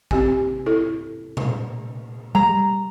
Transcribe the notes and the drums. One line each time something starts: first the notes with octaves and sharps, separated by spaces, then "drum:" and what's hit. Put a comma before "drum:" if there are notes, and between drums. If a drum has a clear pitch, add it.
C4 G4 G#5, drum: kick A1
E4 A4
drum: tom A#2
G3 A#5